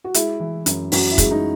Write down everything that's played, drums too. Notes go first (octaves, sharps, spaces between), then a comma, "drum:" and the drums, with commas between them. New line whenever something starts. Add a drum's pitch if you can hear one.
F#4
G#3 E4, drum: hi-hat
E3
F#2, drum: hi-hat
F#2 F#4, drum: open hi-hat
E4
G#3, drum: kick, hi-hat
D#4